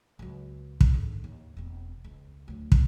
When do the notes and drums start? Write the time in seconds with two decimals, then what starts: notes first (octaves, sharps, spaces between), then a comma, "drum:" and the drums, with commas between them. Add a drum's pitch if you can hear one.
0.19 C#2 F#3
0.81 drum: kick
0.93 G#2 D3
1.24 D#2
1.57 E1 C4
2.04 C#2
2.48 D2 F#3
2.72 drum: kick